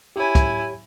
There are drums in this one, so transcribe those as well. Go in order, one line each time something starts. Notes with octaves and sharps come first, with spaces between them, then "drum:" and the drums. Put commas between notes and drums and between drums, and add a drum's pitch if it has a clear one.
E4 G4 C#5 G#5
drum: kick, hi-hat